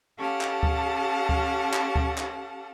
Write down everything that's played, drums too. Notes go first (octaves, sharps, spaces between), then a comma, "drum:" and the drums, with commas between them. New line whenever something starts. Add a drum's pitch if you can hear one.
C#4 G4 A4 F5 F#5 A5
drum: clap
drum: kick D2
drum: kick D2
drum: clap
drum: kick D2
drum: clap